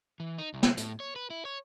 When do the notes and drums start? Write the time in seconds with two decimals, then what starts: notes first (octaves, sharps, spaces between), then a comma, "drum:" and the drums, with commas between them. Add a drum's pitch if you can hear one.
0.20 E3
0.38 D#4
0.54 C2
0.63 drum: snare
0.77 A2, drum: hi-hat
1.00 C#5
1.16 B4
1.30 E4
1.45 C#5